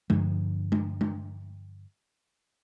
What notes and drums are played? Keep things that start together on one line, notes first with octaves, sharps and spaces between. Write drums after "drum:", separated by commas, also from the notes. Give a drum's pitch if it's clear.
G2 D3 F3, drum: tom G#3
drum: tom G#3
drum: tom G#3